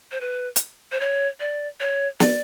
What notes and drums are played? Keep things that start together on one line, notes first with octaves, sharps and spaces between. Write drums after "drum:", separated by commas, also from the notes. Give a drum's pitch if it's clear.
C5
B4
drum: hi-hat
C5
C#5
D5
C#5
D5, drum: snare